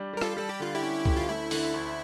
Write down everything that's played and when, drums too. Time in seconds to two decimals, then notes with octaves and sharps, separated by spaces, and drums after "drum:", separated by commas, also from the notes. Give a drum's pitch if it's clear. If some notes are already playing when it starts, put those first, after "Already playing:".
Already playing: G3 D4 G4
0.13 G3 A#4
0.21 F4 A4, drum: rim click
0.37 G3 A4
0.49 G4
0.60 D3 F4
0.75 E4 G4
0.82 C#4
1.06 D2, drum: kick C2
1.16 F4
1.29 A3 E4
1.51 D3, drum: open hi-hat
1.74 D2